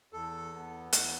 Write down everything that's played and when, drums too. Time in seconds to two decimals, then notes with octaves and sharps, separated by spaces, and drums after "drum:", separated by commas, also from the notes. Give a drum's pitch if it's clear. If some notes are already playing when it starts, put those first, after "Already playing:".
0.13 E2 A4
0.53 B3
0.93 E2, drum: hi-hat